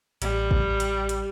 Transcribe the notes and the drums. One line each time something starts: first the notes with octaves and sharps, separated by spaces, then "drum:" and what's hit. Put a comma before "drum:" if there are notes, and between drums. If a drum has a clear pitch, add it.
A1 G3, drum: hi-hat
drum: kick
drum: hi-hat
drum: hi-hat